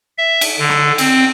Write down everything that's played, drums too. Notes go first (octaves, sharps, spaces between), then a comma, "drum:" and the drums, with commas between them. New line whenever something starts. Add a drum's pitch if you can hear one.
E5
drum: cymbal
D3
drum: rim click
C4, drum: cymbal